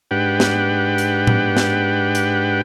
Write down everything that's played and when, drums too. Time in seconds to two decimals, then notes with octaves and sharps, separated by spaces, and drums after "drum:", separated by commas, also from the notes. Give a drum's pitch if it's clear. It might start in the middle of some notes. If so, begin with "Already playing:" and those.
0.11 G#2 D4 G4 B4 F#5 G5
0.40 drum: snare
0.98 drum: hi-hat
1.27 drum: tom A2
1.57 drum: snare
2.15 drum: hi-hat